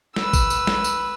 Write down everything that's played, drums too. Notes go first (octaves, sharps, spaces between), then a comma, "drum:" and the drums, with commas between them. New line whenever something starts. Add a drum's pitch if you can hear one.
B4 E6, drum: snare
drum: kick, tambourine
drum: tambourine
drum: snare
drum: tambourine